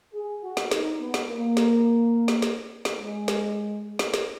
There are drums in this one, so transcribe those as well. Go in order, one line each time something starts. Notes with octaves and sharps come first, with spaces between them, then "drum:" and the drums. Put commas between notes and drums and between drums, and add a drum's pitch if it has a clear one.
G#4
F#4
drum: snare
D#4, drum: snare
B3
drum: snare
A#3
drum: snare
drum: snare
drum: snare
drum: snare
G#3
drum: snare
drum: snare
drum: snare